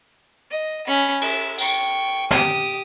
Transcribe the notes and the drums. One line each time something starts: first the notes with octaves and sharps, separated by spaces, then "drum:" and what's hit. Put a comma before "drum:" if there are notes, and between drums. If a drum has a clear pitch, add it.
D#5
C#4 B5
E5, drum: cymbal
G5 C#6, drum: tambourine
G4 D#6, drum: snare